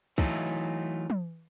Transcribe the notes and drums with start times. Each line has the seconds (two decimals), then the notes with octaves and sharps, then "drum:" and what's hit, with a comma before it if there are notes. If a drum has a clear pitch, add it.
0.18 E3 F#3 A3 D#4 F4, drum: kick
1.10 drum: tom